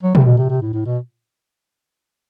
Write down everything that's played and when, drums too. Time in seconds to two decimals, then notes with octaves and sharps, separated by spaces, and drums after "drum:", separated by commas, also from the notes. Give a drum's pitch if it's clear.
0.03 F#3
0.15 C3, drum: tom
0.26 B2
0.38 C3
0.49 C3
0.61 A2
0.73 A2
0.86 B2